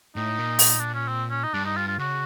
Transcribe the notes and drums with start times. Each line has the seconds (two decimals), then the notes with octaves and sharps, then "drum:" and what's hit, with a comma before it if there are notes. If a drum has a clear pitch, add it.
0.16 A2 D#4
0.39 A#2
0.59 drum: open hi-hat
0.80 D4
0.94 C#4
1.08 C4
1.30 C#4
1.43 D#4
1.54 G2 D4
1.65 D#4
1.77 F4
1.88 F4
1.99 C#3 F#4